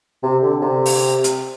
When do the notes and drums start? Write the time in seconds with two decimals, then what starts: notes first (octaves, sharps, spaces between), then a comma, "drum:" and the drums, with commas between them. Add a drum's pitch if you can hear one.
0.23 C3
0.42 D3
0.62 C3
0.86 drum: open hi-hat
1.24 drum: hi-hat